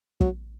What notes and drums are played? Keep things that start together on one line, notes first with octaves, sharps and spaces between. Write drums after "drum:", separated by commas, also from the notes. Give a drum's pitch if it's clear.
F#3, drum: kick